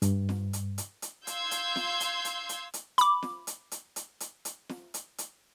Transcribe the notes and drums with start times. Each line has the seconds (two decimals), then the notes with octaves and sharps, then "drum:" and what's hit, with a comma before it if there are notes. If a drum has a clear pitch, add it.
0.02 G2, drum: hi-hat
0.29 drum: snare
0.53 drum: hi-hat
0.78 drum: hi-hat
1.02 drum: hi-hat
1.27 F5 C6 E6 G6 G#6, drum: hi-hat
1.51 drum: hi-hat
1.76 drum: snare
2.00 drum: hi-hat
2.25 drum: hi-hat
2.49 drum: hi-hat
2.74 drum: hi-hat
2.98 B5 D6, drum: hi-hat
3.23 drum: snare
3.47 drum: hi-hat
3.72 drum: hi-hat
3.96 drum: hi-hat
4.20 drum: hi-hat
4.45 drum: hi-hat
4.69 drum: snare
4.94 drum: hi-hat
5.18 drum: hi-hat